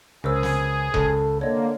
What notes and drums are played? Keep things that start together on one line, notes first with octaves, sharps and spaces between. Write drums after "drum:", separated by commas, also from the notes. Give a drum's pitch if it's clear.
C#2 G#4 A#4 C5 E6
drum: snare
C#2 A4, drum: kick E1
D3 A#3 C#5 D#5